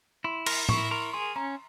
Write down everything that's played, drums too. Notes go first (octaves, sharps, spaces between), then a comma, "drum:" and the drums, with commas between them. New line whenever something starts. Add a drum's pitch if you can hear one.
E4 C6
A#4 C6, drum: cymbal
E4 C#6, drum: tom A2
A#4 C6
G#4 C6
C#4 A#5